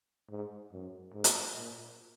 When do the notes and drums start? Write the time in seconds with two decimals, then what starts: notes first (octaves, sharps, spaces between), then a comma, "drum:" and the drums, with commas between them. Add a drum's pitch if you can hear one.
0.30 G#2
0.73 F#2
1.14 G#2
1.24 drum: hi-hat
1.56 A#2